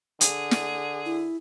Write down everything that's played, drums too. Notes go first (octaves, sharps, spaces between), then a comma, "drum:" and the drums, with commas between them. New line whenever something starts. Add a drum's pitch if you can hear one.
D3 G#4, drum: hi-hat
drum: snare
E4